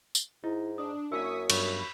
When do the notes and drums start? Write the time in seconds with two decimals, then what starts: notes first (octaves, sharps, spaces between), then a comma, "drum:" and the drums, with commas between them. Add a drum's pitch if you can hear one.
0.15 drum: tambourine
0.44 G#2 D#4 E4
0.78 D4 D#6
1.12 F#2 A#3 C#4 E4 C#6 D#6 E6 B6
1.50 G2 F#3 B3 B5 C#6, drum: cymbal